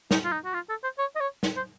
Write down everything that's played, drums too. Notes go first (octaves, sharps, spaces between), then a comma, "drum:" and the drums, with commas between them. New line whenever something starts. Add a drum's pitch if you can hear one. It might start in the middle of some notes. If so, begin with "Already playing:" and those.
D#4, drum: snare
F4
D#4
F#4
F4
A4
C5
C#5
D#5
C#5
drum: snare
C5